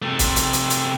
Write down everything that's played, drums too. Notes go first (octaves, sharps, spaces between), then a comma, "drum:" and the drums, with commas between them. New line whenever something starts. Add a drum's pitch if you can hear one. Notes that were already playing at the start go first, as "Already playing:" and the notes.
C3 A3
drum: kick, hi-hat
drum: hi-hat
drum: hi-hat
drum: hi-hat